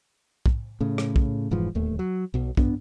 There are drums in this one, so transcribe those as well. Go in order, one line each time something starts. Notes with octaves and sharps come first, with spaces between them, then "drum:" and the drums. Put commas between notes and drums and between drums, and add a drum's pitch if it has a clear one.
drum: kick
A2 C#3
drum: rim click
drum: kick
F1 G#2 E3 F3
D1 D#2 A3
F#3
B1 B2
G2 B3 D4, drum: kick